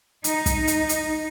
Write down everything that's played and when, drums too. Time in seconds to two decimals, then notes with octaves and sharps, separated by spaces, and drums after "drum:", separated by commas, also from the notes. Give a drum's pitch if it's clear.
0.24 D#4, drum: hi-hat
0.46 drum: kick, hi-hat
0.67 drum: hi-hat
0.89 drum: hi-hat